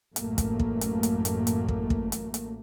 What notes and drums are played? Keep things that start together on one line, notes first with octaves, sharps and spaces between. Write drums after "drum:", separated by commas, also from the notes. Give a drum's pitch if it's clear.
A1 F#2 A3 A#3, drum: hi-hat
drum: kick, hi-hat
drum: kick
drum: hi-hat
drum: hi-hat
drum: hi-hat
drum: hi-hat
drum: kick
drum: kick
drum: hi-hat
drum: hi-hat